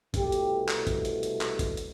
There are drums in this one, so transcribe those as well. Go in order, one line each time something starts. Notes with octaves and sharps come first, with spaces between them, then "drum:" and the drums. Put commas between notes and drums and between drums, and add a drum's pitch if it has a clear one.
C2 B2 A3 G4, drum: kick G#1, hi-hat
drum: hi-hat
drum: clap
drum: kick G#1, hi-hat
drum: hi-hat
drum: hi-hat
drum: clap
drum: kick G#1, hi-hat
drum: hi-hat